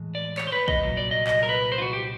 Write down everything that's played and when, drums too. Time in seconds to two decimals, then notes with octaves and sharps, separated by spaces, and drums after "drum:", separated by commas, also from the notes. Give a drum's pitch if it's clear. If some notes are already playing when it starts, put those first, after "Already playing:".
Already playing: A2 E3 G#3
0.15 D5
0.38 C#5, drum: clap
0.47 C5
0.52 B4
0.68 D#5, drum: kick
0.82 C2 A#2 F#3
0.97 D5
1.11 D#5
1.27 D#5, drum: clap
1.43 A#4
1.49 B4
1.72 C5
1.78 F4
1.82 F#4
1.93 G4